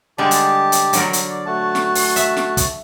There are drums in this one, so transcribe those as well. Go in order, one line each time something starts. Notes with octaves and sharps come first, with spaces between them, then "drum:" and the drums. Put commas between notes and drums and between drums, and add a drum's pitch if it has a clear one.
D3 G3 G#3 G4 A5
drum: hi-hat
drum: hi-hat
D3 F#3 A#4, drum: hi-hat
drum: hi-hat
D5
A3 F#4 A5
drum: snare
drum: open hi-hat
E5, drum: hi-hat
drum: snare
drum: kick, hi-hat